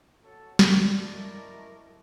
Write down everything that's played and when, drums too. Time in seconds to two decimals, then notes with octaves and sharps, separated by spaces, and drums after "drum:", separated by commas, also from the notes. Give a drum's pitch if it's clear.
0.24 F#4 A4 C#5
0.59 F#2 A4 D5, drum: snare
1.13 E4 A#4 D#5 C#6